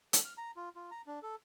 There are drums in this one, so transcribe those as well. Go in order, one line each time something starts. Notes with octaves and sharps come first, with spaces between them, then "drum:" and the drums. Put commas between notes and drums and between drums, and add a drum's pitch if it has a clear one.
A4, drum: hi-hat
F6
A#5
F4
F4
A#5
D4
A4